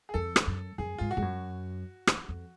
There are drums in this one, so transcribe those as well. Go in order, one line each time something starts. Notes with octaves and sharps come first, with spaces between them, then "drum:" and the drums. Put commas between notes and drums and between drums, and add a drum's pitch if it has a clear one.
G#4
F2 A4
drum: rim click
F#2
F#2 G#4
G#2 F4
F#4
G#2
F#2
drum: rim click
F2